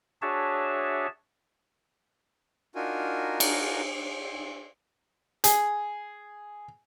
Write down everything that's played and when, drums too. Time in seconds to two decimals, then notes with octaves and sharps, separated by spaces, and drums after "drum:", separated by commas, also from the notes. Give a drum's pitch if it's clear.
0.22 D4 F#4 G#4 C#5 E5 A5
2.75 D4 D#4 F4 F#4 A#4 G#5
3.40 drum: cymbal
5.44 G#4, drum: hi-hat